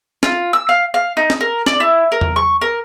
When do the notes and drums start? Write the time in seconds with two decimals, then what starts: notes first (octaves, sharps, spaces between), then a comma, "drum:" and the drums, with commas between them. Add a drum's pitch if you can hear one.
0.23 F4, drum: snare
0.53 E6
0.69 F5
0.94 F5
1.17 D#4
1.30 drum: snare
1.40 A#4
1.66 D5, drum: snare
1.80 E4
2.12 A#4
2.21 drum: tom E2
2.36 C#6
2.61 A#4